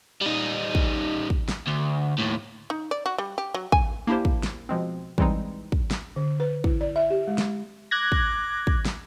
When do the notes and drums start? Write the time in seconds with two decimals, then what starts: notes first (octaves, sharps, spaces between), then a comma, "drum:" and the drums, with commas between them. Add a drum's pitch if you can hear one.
0.22 G3 D#4
0.75 drum: kick
1.30 drum: kick
1.48 drum: snare
1.67 D2
2.18 D#2 A2
2.70 D#4
2.91 D5
3.06 F#4
3.18 G3
3.38 G4
3.54 F#3
3.72 G#5, drum: kick
4.07 A#3 D4 E4 G4 C5
4.25 drum: kick
4.43 drum: snare
4.69 B2 F3 G#3 C4
5.18 E3 G3 G#3 C4 D#4, drum: kick
5.72 drum: kick
5.91 drum: snare
6.16 D3
6.40 B4
6.64 E4, drum: kick
6.81 D5
6.96 E5
7.10 G4
7.28 G#3
7.38 drum: snare
7.91 D6 F#6 G#6 A#6
8.12 drum: kick
8.67 drum: kick
8.85 drum: snare